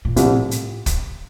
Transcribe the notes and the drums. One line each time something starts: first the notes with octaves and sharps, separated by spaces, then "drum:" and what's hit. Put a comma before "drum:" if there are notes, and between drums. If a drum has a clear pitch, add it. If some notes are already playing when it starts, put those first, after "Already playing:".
A#2
C2 A2 C3 F3, drum: hi-hat
drum: hi-hat
drum: kick, hi-hat